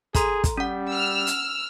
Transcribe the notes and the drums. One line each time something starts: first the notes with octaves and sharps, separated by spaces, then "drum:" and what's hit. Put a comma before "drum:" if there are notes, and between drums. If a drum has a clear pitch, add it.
G#4 A4 A#5 C6, drum: kick, hi-hat
drum: kick, hi-hat
G3 C#4 F#5
E6 F6
drum: hi-hat